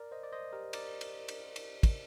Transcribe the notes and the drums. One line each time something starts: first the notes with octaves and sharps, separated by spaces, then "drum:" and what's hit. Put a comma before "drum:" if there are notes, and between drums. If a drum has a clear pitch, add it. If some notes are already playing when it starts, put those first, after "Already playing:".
Already playing: A#4 D5
C5 D#5
D5
C5 D#5
G4 A#4
A#4 D5, drum: cymbal
drum: cymbal
drum: cymbal
drum: cymbal
drum: kick, cymbal